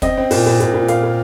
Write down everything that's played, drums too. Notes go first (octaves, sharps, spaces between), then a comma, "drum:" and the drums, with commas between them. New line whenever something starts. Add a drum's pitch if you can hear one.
C4 D#5, drum: kick, hi-hat
C4
A#2, drum: open hi-hat
A#2
A#2, drum: hi-hat
A#2
A#2 F5, drum: hi-hat
A#2